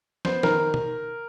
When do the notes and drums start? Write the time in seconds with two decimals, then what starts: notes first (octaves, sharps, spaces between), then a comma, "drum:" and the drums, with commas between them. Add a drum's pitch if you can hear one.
0.25 B3 C5, drum: snare
0.43 D#3 A#4, drum: snare
0.74 drum: tom B2